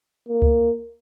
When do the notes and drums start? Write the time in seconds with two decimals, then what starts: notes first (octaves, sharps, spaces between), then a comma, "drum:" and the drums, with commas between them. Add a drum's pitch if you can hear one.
0.28 A#3
0.42 drum: kick C#2